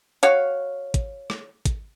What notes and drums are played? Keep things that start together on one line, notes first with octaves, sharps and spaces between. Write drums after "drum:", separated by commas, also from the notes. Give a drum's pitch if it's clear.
F#4 C#5 F5, drum: hi-hat
drum: kick, hi-hat
drum: rim click
drum: kick, hi-hat